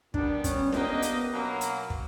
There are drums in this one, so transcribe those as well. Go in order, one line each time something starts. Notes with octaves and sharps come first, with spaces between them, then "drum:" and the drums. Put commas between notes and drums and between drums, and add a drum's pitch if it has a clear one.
A#2 G3 B3 D4, drum: kick
C#4, drum: kick, hi-hat
A#3 B3 D4 G4 B4 D#5, drum: snare C#4
drum: hi-hat
B2 F#3 A#3
drum: hi-hat
drum: kick